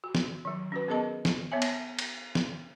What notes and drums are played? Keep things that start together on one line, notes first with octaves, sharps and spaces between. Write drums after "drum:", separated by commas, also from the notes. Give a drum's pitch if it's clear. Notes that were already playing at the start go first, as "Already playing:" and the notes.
F#4
drum: snare
D#3 F#3
C#4 F#4 B4
B3 G#4 A#4 D#5 A5
drum: snare
B3 C#5 E5 G#5
drum: cymbal
drum: cymbal
drum: snare